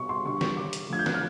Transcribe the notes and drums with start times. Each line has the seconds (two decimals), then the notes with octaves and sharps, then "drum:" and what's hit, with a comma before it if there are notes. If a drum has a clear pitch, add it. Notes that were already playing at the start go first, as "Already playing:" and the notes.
Already playing: B2 G3 C#6
0.09 C6
0.25 D3 G3 C#6
0.41 drum: snare
0.57 D6
0.73 drum: hi-hat
0.89 D3 F3 A3 G#6
0.99 G6
1.06 F#6, drum: snare
1.14 F6